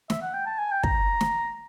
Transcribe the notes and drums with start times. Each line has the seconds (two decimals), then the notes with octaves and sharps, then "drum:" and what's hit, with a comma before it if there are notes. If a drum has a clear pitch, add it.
0.10 E5, drum: snare
0.22 F#5
0.34 G5
0.46 A5
0.58 G#5
0.72 G5
0.83 A#5, drum: kick
1.21 drum: snare